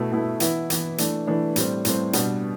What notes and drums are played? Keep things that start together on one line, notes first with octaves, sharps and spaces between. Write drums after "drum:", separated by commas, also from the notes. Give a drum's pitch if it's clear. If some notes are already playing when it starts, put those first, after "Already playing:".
Already playing: B2 A3 E4
B2 A3 E4
E3 B3 E4, drum: hi-hat
E3 B3 E4, drum: hi-hat
E3 A3 D4, drum: hi-hat
E3 A3 D4
A2 G3 C4, drum: hi-hat
A2 G3 C4, drum: hi-hat
B2 G3 B3 D4, drum: hi-hat